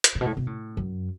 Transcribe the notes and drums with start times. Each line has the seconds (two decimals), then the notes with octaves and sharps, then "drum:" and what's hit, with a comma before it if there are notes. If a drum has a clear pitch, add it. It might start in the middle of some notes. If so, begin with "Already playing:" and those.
0.04 drum: hi-hat
0.15 A2
0.21 B2
0.26 A2
0.37 B2
0.47 A2
0.77 F#2